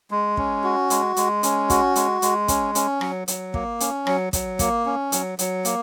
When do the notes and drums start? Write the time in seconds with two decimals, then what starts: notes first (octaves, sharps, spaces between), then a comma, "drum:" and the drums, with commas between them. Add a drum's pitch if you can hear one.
0.11 G#3
0.37 C#4, drum: kick
0.64 F#4
0.90 G#3, drum: hi-hat
1.16 G#3, drum: hi-hat
1.43 C#4, drum: hi-hat
1.70 F#4, drum: kick, hi-hat
1.96 G#3, drum: hi-hat
2.22 G#3, drum: hi-hat
2.48 C#4, drum: kick, hi-hat
2.75 C#4, drum: hi-hat
3.01 F#3, drum: rim click
3.28 F#3, drum: hi-hat
3.54 A#3, drum: kick
3.80 C#4, drum: hi-hat
4.07 F#3, drum: rim click
4.33 F#3, drum: kick, hi-hat
4.59 A#3, drum: kick, hi-hat
4.86 C#4
5.12 F#3, drum: hi-hat
5.39 F#3, drum: hi-hat
5.65 A#3, drum: hi-hat